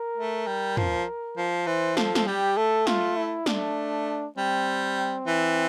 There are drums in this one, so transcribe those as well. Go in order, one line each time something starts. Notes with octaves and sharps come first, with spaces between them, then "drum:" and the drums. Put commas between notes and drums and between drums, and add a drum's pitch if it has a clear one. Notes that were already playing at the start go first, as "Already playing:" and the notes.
Already playing: A#4
A3
G3
F3, drum: tom
F3
E3 C5
F3 A4, drum: snare
drum: snare
G3 G4
A3 A4
F4, drum: snare
E4
A3 D4, drum: snare
G3 C4
E3